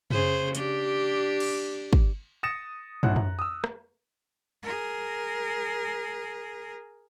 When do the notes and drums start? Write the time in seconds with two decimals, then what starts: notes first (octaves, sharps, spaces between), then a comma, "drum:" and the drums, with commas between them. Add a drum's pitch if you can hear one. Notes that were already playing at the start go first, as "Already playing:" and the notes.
0.11 C#3 G#4 C5, drum: tom
0.55 D4 G4, drum: hi-hat
1.40 drum: cymbal
1.93 drum: kick
2.43 D#6 A6 A#6 C#7 E7
3.03 B1 F#2 A2 F#5 F#6, drum: tom
3.16 A#5, drum: tom
3.39 D#6 E6
3.64 drum: rim click
4.63 G#4 A#4